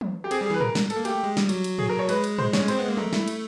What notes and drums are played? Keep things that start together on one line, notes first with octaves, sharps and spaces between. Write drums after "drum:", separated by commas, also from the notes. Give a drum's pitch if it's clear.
drum: tom E3
G4
C4 G#4, drum: cymbal
G3 G#4
E3 B4
A#4, drum: tom G#2
drum: snare
A4, drum: cymbal
A#3
A3 G4, drum: cymbal
G#3
G3, drum: snare
F#3, drum: cymbal
drum: cymbal
G#4, drum: tom G#2
A#4
C#5
G#3 B4, drum: cymbal
drum: cymbal
C5, drum: tom G#2
C#5, drum: snare
C#4
C4 C5, drum: cymbal
B3
A#3
A3 A#4, drum: tom E3
E4, drum: snare
drum: cymbal